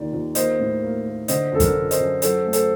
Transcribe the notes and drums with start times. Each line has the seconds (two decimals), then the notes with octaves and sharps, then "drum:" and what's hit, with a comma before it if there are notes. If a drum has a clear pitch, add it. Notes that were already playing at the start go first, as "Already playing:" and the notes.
Already playing: D#2 D#3 D5
0.13 D#2
0.35 A#3 C5 D#5, drum: hi-hat
0.59 A2
0.83 A#3
1.06 A#3
1.28 D3 C5 D#5, drum: hi-hat
1.52 F#2 A4
1.60 A#4, drum: kick, hi-hat
1.76 D3
1.91 C5 D#5, drum: hi-hat
1.99 F#2
2.22 F#3 A4 C5, drum: hi-hat
2.45 A3
2.53 A4 C5, drum: hi-hat